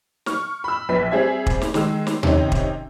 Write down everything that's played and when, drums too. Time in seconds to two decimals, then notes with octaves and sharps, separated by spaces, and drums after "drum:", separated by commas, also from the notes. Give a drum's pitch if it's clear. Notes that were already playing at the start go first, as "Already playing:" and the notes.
0.26 C#6 F6, drum: snare
0.64 B5 E6
0.89 A#1 B4 B6
1.11 G3 C4 G#4 E5 G#6
1.47 drum: kick
1.62 drum: snare
1.74 D#3 G#3 E6, drum: snare
2.07 drum: snare
2.23 C3 D#3 C#4 D#4, drum: tom D#2
2.52 drum: kick